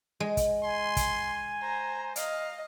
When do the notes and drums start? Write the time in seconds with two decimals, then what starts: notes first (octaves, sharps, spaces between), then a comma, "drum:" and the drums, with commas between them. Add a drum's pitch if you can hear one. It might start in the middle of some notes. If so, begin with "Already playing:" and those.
0.20 G#3
0.37 drum: kick, hi-hat
0.64 G#5 C6
0.97 drum: kick, hi-hat
1.62 C5 A#5
2.16 D#5 F5, drum: hi-hat